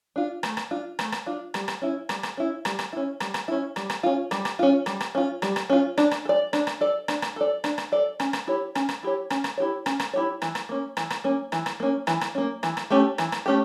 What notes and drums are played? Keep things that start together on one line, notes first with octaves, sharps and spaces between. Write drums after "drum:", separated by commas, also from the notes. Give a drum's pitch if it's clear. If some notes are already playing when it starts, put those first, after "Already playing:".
D4 F4
A3, drum: rim click
drum: rim click
D4 F4
A3, drum: rim click
drum: rim click
D4 F4
G3, drum: rim click
drum: rim click
C#4 E4
G3, drum: rim click
drum: rim click
C#4 E4
G3, drum: rim click
drum: rim click
C#4 E4
G3, drum: rim click
drum: rim click
C#4 E4
G3, drum: rim click
drum: rim click
C#4 F4
G3, drum: rim click
drum: rim click
C#4 F4
G3, drum: rim click
drum: rim click
C#4 F4
G3, drum: rim click
drum: rim click
C#4 F4
D4, drum: rim click
drum: rim click
A4
D5
D4, drum: rim click
drum: rim click
A4 D5
D4, drum: rim click
drum: rim click
A4 D5
D4, drum: rim click
drum: rim click
A4 D5
C#4, drum: rim click
drum: rim click
E4 G4 C#5
C#4, drum: rim click
drum: rim click
E4 G4 C#5
C#4, drum: rim click
drum: rim click
E4 G4 C#5
C#4, drum: rim click
drum: rim click
E4 G4 C#5
E3, drum: rim click
drum: rim click
A#3 C#4
E3, drum: rim click
drum: rim click
A#3 C#4
E3, drum: rim click
drum: rim click
A#3 C#4
E3, drum: rim click
drum: rim click
A#3 C#4
E3, drum: rim click
drum: rim click
A3 C#4 G4
E3, drum: rim click
drum: rim click
A3 C#4 G4